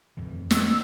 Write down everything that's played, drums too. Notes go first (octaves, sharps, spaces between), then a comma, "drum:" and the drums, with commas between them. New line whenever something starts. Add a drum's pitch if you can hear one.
F2 A2 E3
G3 E6, drum: snare